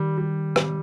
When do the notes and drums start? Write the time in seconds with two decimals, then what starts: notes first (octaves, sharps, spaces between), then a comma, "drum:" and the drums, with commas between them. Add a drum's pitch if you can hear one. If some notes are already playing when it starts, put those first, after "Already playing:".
Already playing: D#3 G3
0.18 G3
0.56 G3, drum: rim click